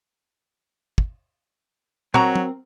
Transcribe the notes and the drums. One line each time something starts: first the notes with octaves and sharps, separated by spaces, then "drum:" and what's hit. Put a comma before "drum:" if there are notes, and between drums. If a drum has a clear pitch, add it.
drum: kick
F#3 C4 F#4 A#4 A#5, drum: tom
drum: tom